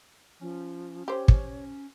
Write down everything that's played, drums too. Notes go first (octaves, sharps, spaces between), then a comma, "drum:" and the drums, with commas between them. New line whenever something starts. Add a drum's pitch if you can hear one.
F3 C#4
G4 C5 C#5
drum: kick